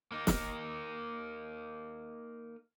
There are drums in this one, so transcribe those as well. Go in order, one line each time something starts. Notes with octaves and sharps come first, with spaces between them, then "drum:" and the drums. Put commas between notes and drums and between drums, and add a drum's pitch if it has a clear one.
A#3 D#4
drum: snare